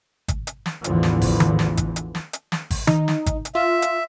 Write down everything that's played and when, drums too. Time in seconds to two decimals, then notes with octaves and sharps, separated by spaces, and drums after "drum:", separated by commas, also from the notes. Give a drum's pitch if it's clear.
0.28 drum: kick, hi-hat
0.47 drum: hi-hat
0.66 drum: snare
0.84 A1 E2 D3 E3 F3, drum: hi-hat
1.03 drum: snare
1.22 drum: kick, open hi-hat
1.40 drum: tom D#3
1.59 drum: snare
1.77 drum: kick, hi-hat
1.96 drum: hi-hat
2.15 drum: snare
2.33 drum: hi-hat
2.52 drum: snare
2.71 drum: kick, open hi-hat
2.87 D#4, drum: tom D#3
3.08 drum: snare
3.26 drum: kick, hi-hat
3.45 drum: hi-hat
3.55 F4 E5
3.82 drum: hi-hat